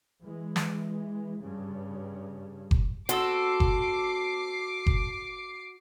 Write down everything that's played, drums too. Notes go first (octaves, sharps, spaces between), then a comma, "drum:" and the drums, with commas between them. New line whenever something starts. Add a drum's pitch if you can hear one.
E3 G#3
drum: snare
G2 C#3
drum: kick F#1
C4 F#4 A4 D6 E6 C7, drum: hi-hat
drum: kick F#1
drum: kick F#1